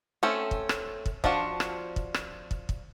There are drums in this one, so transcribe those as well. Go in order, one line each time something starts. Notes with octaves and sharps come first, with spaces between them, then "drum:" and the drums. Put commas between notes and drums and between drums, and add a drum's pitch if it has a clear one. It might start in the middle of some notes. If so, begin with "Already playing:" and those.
A3 C4 C#4 A4
drum: kick
drum: rim click
drum: kick
F3 D4 F4 F#4, drum: kick
drum: rim click
drum: kick
drum: rim click
drum: kick
drum: kick